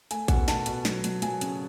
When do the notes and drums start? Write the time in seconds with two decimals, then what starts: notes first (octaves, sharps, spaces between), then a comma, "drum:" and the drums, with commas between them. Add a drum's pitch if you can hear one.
0.11 A3 G#5, drum: hi-hat
0.28 B2 F#5, drum: kick A1, hi-hat
0.48 A3 A5, drum: snare
0.66 B2, drum: hi-hat
0.85 F#3, drum: snare
1.04 F#3, drum: hi-hat
1.22 F#3 G#5, drum: hi-hat
1.41 C#3, drum: hi-hat